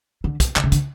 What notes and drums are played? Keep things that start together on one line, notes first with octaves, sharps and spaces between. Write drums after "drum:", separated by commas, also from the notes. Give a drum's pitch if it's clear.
D3
drum: kick, hi-hat
D3, drum: clap
C#3
D3, drum: hi-hat